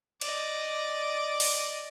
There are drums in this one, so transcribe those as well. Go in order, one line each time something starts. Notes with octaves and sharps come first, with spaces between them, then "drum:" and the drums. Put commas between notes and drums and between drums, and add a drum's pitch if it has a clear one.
D5 D#5, drum: cymbal
drum: open hi-hat